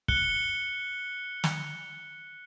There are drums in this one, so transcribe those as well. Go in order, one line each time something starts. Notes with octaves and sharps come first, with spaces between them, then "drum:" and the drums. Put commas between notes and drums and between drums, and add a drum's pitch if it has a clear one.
F#6 C#7 G7, drum: kick
drum: snare